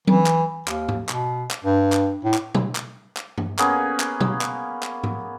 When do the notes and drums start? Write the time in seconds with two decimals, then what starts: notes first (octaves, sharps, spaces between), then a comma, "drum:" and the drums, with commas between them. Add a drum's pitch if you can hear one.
0.07 E3, drum: tom F#3
0.26 drum: clap
0.68 D#2, drum: clap
0.89 drum: tom G#2
1.09 B2, drum: clap
1.51 drum: clap
1.64 G2
1.92 drum: clap
2.24 A2
2.34 drum: clap
2.55 drum: tom
2.75 drum: clap
3.17 drum: clap
3.38 drum: tom G2
3.59 A#3 B3 C#4 G#4, drum: clap
4.00 drum: clap
4.21 drum: tom
4.41 drum: clap
4.83 drum: clap
5.04 drum: tom G#2